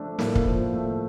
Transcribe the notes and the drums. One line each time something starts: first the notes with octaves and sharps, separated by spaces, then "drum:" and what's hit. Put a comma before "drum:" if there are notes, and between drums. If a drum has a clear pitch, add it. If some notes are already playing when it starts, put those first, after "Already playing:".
Already playing: F3 A3 D4
A2 A#3, drum: snare
drum: kick
F3
A3